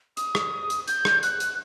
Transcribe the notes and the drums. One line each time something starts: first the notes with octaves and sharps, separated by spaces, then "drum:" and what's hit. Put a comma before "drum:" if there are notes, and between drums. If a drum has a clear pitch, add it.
D#6, drum: hi-hat
drum: rim click
drum: hi-hat
G6, drum: hi-hat
drum: rim click
F#6, drum: hi-hat
drum: hi-hat